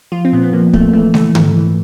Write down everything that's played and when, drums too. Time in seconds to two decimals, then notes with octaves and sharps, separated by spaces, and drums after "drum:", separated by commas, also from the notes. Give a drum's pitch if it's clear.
0.12 F3 F4
0.25 C4
0.33 A#2 B3
0.43 B3
0.53 F3 A#3
0.73 A#2 A3, drum: kick
0.93 E3 A3
1.14 E3 A3, drum: snare G#3
1.35 G#2, drum: tom D3
1.55 E3